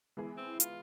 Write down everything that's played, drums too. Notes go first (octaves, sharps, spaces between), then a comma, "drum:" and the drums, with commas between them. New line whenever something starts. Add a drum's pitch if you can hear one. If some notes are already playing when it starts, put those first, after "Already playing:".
E3 G#3 B3 E4 G#4
C4
F4, drum: hi-hat